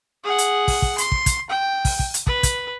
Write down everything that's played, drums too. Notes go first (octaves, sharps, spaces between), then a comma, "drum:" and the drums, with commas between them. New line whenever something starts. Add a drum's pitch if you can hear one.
G#4 F#5
drum: hi-hat
drum: kick, open hi-hat
drum: kick
C6, drum: hi-hat
drum: kick
drum: kick, hi-hat
G5
drum: kick, open hi-hat
drum: kick
drum: hi-hat
B4, drum: kick
drum: kick, hi-hat